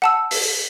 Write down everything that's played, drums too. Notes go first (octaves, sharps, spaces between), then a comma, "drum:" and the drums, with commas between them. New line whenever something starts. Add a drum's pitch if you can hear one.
F#5 A5 E6
drum: open hi-hat